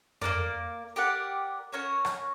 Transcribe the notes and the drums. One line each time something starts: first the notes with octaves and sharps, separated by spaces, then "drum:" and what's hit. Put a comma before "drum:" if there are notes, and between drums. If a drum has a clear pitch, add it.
A#3 D4 A#4 D5, drum: tom F2
G4 A#4 D5 F#5
C#4 F#4 A#4 C#5
drum: rim click